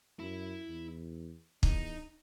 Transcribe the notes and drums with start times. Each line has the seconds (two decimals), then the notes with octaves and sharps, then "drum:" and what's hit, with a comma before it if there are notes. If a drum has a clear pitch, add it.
0.19 F#2 E4
0.68 E2
1.63 E2 D#4, drum: kick